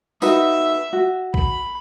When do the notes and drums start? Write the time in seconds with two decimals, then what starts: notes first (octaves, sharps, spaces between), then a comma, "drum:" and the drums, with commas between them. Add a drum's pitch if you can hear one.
0.22 D#4 F#4 B4 E5, drum: tambourine
0.93 F#4
1.34 B5, drum: kick A#1